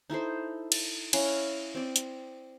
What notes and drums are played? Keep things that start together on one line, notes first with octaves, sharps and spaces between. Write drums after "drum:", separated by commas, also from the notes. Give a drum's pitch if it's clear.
D#4 E4 A4 C5
drum: cymbal
C#4 E4 F5 F#5, drum: cymbal
C4 D5
drum: hi-hat